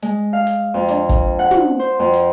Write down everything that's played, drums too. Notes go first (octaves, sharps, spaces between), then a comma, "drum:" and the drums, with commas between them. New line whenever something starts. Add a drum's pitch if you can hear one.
G#3, drum: hi-hat
F5
drum: hi-hat
F2
D4, drum: hi-hat
drum: kick, hi-hat
F#5
drum: tom
C5
F2
drum: hi-hat